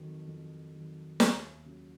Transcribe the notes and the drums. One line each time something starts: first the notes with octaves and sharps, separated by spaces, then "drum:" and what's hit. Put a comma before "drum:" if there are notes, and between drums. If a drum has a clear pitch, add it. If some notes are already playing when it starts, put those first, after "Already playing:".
Already playing: F2 D#3 F#3
F2
D#3 F#3
D#2, drum: snare
C#3 F#3